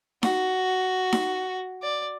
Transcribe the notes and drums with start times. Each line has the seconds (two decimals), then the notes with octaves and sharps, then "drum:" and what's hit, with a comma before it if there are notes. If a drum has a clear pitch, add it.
0.23 F#4, drum: snare D#4
1.13 drum: snare D#4
1.82 D5